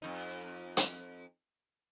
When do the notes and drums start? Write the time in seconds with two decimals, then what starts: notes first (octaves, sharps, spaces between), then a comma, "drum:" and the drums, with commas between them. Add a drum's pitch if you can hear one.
0.02 F2 D#4
0.77 drum: hi-hat